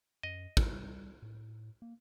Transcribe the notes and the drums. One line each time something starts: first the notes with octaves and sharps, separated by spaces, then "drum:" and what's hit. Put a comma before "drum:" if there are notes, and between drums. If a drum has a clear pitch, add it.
F#2 D#5
G3, drum: kick
A2
A#3